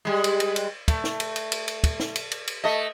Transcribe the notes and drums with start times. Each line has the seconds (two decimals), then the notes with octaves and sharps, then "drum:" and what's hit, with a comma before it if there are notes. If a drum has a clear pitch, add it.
0.05 G3 G#3
0.24 drum: cymbal
0.40 drum: cymbal
0.56 drum: cymbal
0.88 A3, drum: kick, cymbal
1.04 drum: snare
1.20 drum: cymbal
1.36 drum: cymbal
1.52 drum: cymbal
1.68 drum: cymbal
1.84 drum: kick, cymbal
2.00 drum: snare
2.16 drum: cymbal
2.32 drum: cymbal
2.47 drum: cymbal
2.64 A3 D#5